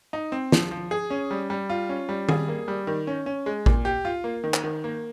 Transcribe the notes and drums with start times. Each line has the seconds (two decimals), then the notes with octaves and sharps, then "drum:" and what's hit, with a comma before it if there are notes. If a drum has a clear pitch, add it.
0.13 D#4
0.32 C4
0.52 F3, drum: snare
0.71 F3
0.91 G#4
1.10 C#4
1.31 G3
1.50 G3
1.69 F4
1.89 C#4
2.09 G3
2.29 G#4, drum: tom D#3
2.48 A#3
2.68 G3
2.87 D#3
3.07 C#4
3.26 C#4
3.46 G#3
3.66 A#2, drum: kick A1
3.85 G4
4.05 F4
4.24 A#3
4.44 D#3
4.54 drum: clap
4.64 D#3
4.84 A#3